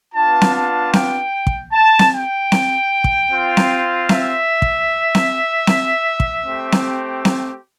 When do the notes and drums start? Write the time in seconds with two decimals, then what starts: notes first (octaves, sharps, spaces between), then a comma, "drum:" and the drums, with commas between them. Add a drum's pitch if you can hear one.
0.15 B3 D4 F4 A5
0.41 drum: snare C4
0.55 A5
0.93 G5, drum: snare C4
1.47 drum: kick
1.73 A5
1.99 drum: snare C4
2.12 G5
2.52 drum: snare C4
3.04 drum: kick
3.31 C4 F4
3.57 drum: snare C4
4.09 E5, drum: snare C4
4.62 drum: kick
5.15 drum: snare C4
5.67 drum: snare C4
6.20 drum: kick
6.46 A3 C4 G4
6.72 drum: snare C4
7.25 drum: snare C4